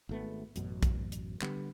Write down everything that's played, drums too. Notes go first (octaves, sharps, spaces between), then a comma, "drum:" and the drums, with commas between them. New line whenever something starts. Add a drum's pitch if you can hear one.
G#1 A3 B3
A1 F#2 B2, drum: hi-hat
drum: kick, hi-hat
drum: hi-hat
D3 G3 B3, drum: clap